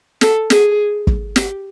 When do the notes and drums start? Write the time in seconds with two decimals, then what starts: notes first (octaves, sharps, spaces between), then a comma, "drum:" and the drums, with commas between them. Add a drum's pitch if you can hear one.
0.21 A4, drum: snare
0.50 G#4, drum: snare
1.07 drum: kick
1.36 G4, drum: snare